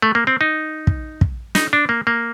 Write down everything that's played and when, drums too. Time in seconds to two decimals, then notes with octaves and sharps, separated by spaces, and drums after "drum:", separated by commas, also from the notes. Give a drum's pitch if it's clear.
0.02 A3
0.15 A#3
0.27 C4
0.41 D#4
0.87 drum: kick
1.21 drum: kick
1.55 D#4, drum: snare
1.73 D4
1.89 A#3
2.07 A#3